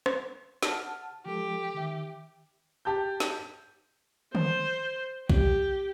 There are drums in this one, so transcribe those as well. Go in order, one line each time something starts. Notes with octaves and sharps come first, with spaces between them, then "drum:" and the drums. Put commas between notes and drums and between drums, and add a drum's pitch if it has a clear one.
drum: rim click
F#5 A5 F6, drum: snare
F3 G#3 G4 A4
D#3 E5
G4 A5 G6
drum: snare
C5, drum: tom D3
G4, drum: kick B1